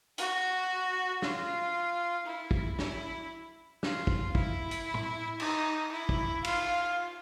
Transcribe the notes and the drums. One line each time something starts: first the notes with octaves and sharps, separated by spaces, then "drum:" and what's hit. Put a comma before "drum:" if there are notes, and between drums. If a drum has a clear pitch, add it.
F#4, drum: hi-hat
F4, drum: snare
E4
drum: kick
E4, drum: snare
F4, drum: snare
drum: kick
E4, drum: kick
drum: hi-hat
drum: tom A2
D#4, drum: cymbal
E4
drum: kick
F4, drum: cymbal